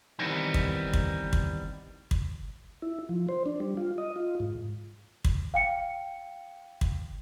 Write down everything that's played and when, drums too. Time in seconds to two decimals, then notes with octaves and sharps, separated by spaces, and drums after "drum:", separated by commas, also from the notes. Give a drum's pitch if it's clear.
0.19 D#3 E3 G3 B3 C4 D#4
0.54 drum: kick
0.93 drum: kick
1.33 drum: kick
2.11 drum: kick
2.82 E4
3.09 F3
3.29 C5
3.46 D4
3.60 G3
3.77 F4
3.98 D#5
4.16 F4
4.40 G#2
5.25 drum: kick
5.54 F5 G5 C#7
6.81 drum: kick